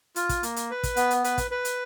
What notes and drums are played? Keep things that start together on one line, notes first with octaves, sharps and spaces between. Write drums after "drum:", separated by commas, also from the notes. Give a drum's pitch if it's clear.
F4, drum: hi-hat
drum: kick, hi-hat
A#3, drum: hi-hat
drum: hi-hat
B4
drum: kick, hi-hat
B3, drum: hi-hat
drum: hi-hat
B4, drum: hi-hat
drum: kick, hi-hat
B4
drum: hi-hat